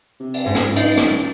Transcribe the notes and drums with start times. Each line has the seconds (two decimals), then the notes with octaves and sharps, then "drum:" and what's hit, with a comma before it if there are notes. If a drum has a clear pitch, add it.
0.20 C3
0.34 drum: cymbal
0.46 C#2 G#2
0.55 drum: rim click
0.76 D#4, drum: cymbal
0.97 drum: rim click